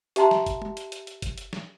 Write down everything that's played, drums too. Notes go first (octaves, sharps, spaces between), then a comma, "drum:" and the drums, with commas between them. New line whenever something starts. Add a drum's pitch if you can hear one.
G4 E5 F#5 A5 A#5 C6, drum: hi-hat
drum: snare
drum: kick F#1, hi-hat
drum: tom
drum: hi-hat
drum: hi-hat
drum: hi-hat
drum: kick F#1, hi-hat
drum: hi-hat
drum: snare